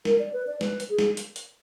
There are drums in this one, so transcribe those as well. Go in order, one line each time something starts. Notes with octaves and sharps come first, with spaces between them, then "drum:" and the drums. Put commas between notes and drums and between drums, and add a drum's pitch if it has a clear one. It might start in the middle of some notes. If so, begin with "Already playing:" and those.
A#4, drum: snare
D5
B4
D5
B4, drum: snare
drum: hi-hat
G#4
drum: snare
drum: hi-hat
drum: hi-hat